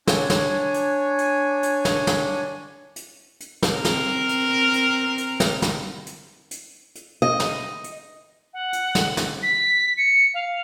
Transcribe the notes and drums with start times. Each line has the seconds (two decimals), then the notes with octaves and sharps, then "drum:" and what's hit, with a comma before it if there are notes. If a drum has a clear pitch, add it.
0.07 D4 C#5 G#5, drum: snare
0.30 drum: snare
0.74 drum: hi-hat
1.18 drum: hi-hat
1.63 drum: hi-hat
1.85 drum: snare
2.07 drum: snare
2.96 drum: hi-hat
3.40 drum: hi-hat
3.62 drum: snare
3.74 C4 A#4
3.85 drum: snare
4.29 drum: hi-hat
4.73 drum: hi-hat
5.18 drum: hi-hat
5.40 drum: snare
5.62 drum: snare
6.07 drum: hi-hat
6.51 drum: hi-hat
6.95 drum: hi-hat
7.22 D#5
7.40 drum: snare
7.84 drum: hi-hat
8.53 F#5
8.73 drum: hi-hat
8.95 drum: snare
9.17 drum: snare
9.43 B6
9.97 C#7
10.34 F5